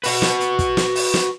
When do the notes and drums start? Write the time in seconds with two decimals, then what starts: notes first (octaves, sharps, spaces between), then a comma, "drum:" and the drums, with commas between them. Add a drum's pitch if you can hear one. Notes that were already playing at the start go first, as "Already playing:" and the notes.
0.04 F#4 B4, drum: open hi-hat
0.22 drum: snare
0.40 drum: hi-hat
0.59 drum: kick, hi-hat
0.77 drum: snare
0.95 drum: open hi-hat
1.14 drum: snare